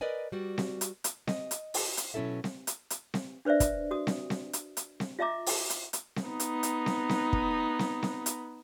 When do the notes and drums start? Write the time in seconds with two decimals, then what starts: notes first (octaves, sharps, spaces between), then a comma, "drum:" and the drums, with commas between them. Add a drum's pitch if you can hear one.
0.01 A#4 B4 D5 D#5 G#5
0.32 G3 F#4 D5
0.58 drum: snare C4
0.81 drum: hi-hat
1.04 drum: hi-hat
1.27 D#5, drum: snare C4
1.51 drum: hi-hat
1.74 drum: open hi-hat
1.97 drum: hi-hat
2.14 B2 F#3 C#4 E4 A4 E5
2.44 drum: snare C4
2.67 drum: hi-hat
2.90 drum: hi-hat
3.14 drum: snare C4
3.45 D4 B4 C5 D5 E5
3.60 drum: kick, hi-hat
3.91 F#4 D#6
4.07 drum: snare C4
4.30 drum: snare C4
4.53 drum: hi-hat
4.77 drum: hi-hat
5.00 drum: snare C4
5.19 F4 D#5 E5 A#5 D6
5.46 drum: open hi-hat
5.70 drum: hi-hat
5.93 drum: hi-hat
6.16 drum: snare C4
6.27 B3 D#4
6.40 drum: hi-hat
6.63 drum: hi-hat
6.86 drum: snare C4
7.09 drum: snare C4
7.33 drum: kick
7.79 drum: snare C4
8.03 drum: snare C4
8.26 drum: hi-hat